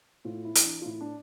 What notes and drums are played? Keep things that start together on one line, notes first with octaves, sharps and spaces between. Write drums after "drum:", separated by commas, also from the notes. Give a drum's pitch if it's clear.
A2 F4
E4
E3, drum: hi-hat
D4
F4
A2 E4
D4